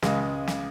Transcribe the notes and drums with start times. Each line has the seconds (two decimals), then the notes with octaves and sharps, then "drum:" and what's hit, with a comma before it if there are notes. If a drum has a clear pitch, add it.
0.02 C#2 C#3 G#3, drum: snare
0.48 drum: snare